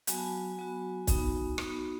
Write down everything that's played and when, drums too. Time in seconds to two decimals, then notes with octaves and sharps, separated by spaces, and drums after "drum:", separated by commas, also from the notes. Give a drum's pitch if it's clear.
0.07 F#3 B3 F#4 G#5, drum: hi-hat
0.17 A5
0.25 G#5
0.58 F#3 B3 F#4
1.07 B3 D#4 F#4, drum: kick, hi-hat
1.58 B3 D#4 F#4, drum: rim click